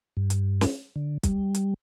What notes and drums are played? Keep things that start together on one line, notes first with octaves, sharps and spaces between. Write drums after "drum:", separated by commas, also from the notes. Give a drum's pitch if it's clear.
G2
drum: hi-hat
drum: snare
D3
G3, drum: kick, hi-hat
drum: hi-hat